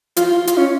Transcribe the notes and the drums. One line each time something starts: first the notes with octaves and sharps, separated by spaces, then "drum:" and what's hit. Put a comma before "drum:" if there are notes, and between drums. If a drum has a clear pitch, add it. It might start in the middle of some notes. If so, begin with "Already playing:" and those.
F4, drum: hi-hat
F4
F4, drum: hi-hat
C#4